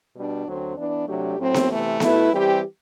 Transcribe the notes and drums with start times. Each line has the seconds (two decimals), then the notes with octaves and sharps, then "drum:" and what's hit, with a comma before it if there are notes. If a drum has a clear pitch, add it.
0.15 B2 G3 D4
0.46 D2 D3 F#3 C4
0.77 E3 B3 D4
1.07 C3 F#3 A3 D4 G4
1.38 A2 F#3 C4
1.54 drum: snare B3
1.70 C3 E3 A3
2.00 B2 A3 E4 B4, drum: snare B3
2.31 E3 G3 C4 G4